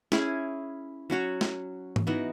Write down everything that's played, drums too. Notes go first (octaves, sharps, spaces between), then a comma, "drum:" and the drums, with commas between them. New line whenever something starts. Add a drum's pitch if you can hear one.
C#4 E4 G#4, drum: snare
F#3 C#4 F#4 C#5
drum: snare
drum: tom
E3 B3 D#4 F#4